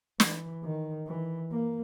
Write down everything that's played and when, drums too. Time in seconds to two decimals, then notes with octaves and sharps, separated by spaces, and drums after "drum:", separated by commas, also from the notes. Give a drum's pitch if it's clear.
0.20 E3, drum: snare
0.63 D#3
1.07 E3
1.51 A#3